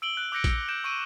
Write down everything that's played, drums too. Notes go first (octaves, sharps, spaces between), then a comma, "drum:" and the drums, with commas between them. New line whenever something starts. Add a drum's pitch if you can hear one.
E6 D7 F#7 G7
F#6 D7
D6 F#6 G6 A#6 C#7 D7
E6 C#7, drum: kick, hi-hat
G6 D7 E7
C#6 E6 D7 D#7